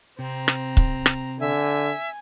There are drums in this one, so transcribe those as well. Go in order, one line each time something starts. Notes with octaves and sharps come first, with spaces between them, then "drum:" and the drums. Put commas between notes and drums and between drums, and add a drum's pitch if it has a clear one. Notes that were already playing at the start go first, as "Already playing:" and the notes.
C3 C4 A#5
drum: rim click
drum: kick C#1
drum: rim click
D3 E5 G#5